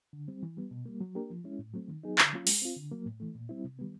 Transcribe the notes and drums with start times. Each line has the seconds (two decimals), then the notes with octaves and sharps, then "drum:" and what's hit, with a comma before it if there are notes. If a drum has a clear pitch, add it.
0.13 D3
0.28 G3 C4
0.43 E3
0.57 G3 B3
0.71 B2
0.86 G3 A#3
1.01 F#3
1.15 A#3 D4 G4 A#4
1.30 F3
1.44 G#3 C#4 E4
1.59 A2
1.74 F#3 A3 C4
1.88 D#3
2.04 F#3 B3 D#4 G#4
2.18 D3, drum: clap
2.33 F#3 A#3 C#4 F4
2.47 G#3, drum: open hi-hat
2.62 C4 F4
2.76 D3
2.92 F#3 A#3
3.06 A2
3.20 E3 A3
3.35 A#2
3.49 G3 C4 E4
3.64 C3
3.79 D#3 G3 B3